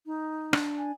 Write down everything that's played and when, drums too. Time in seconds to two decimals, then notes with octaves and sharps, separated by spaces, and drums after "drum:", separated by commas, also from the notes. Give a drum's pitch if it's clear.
0.06 D#4
0.53 D4, drum: rim click
0.78 G#5